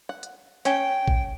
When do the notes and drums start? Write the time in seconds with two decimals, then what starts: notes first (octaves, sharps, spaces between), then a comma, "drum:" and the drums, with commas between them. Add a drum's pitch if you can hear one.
0.09 F#5
0.23 drum: hi-hat
0.65 C#4 G5, drum: hi-hat
1.08 drum: kick G#1